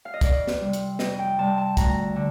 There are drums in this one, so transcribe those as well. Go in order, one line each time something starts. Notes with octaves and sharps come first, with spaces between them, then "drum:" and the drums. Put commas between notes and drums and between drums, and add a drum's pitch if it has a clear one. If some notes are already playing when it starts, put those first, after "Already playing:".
F5
D#5
F2 D5, drum: kick, hi-hat
drum: snare
C3 G3
drum: hi-hat
F2 D#5, drum: snare
G5
C3 G3 A5
A5
D2 A#5, drum: kick, hi-hat
D3